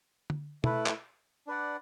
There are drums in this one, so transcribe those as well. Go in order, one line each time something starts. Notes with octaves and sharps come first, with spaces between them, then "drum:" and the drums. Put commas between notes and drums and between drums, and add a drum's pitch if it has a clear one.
drum: tom D3
A3 E4 B4, drum: tom
drum: clap
D4 B4 D5 F#5